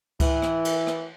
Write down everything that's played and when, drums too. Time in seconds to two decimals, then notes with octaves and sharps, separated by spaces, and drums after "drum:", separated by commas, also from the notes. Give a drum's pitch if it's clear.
0.20 E3, drum: kick C#2, cymbal
0.42 drum: rim click
0.65 drum: cymbal
0.87 drum: rim click